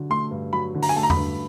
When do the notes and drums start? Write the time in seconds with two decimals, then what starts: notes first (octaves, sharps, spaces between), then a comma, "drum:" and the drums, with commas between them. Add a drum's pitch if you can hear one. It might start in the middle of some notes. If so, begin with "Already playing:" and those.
Already playing: D3 F#3
0.10 A3 C6
0.31 G2
0.53 F#3 B5
0.74 D3
0.82 A#5, drum: open hi-hat
0.89 G#5
0.96 A3 A5
1.03 A#5
1.10 B5, drum: tom E2
1.17 G2